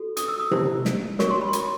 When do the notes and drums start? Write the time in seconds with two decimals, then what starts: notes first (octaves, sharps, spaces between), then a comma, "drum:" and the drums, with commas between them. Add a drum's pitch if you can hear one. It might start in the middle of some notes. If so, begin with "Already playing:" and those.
Already playing: F#4 A4
0.17 D#6, drum: hi-hat
0.28 E6
0.40 D#6
0.51 E4 G4 C5, drum: tom C3
0.85 drum: snare
1.19 F#4 A#4 C#5 C#6, drum: snare
1.31 C6
1.41 B5
1.48 C6
1.53 B5, drum: hi-hat